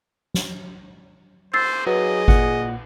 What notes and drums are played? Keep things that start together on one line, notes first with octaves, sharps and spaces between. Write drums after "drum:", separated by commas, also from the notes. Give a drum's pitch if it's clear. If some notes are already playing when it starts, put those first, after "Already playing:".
drum: snare
C5 E6 A6 C7, drum: cymbal
F#3 G#4 B4 D#5
A#2 F#5, drum: kick G#1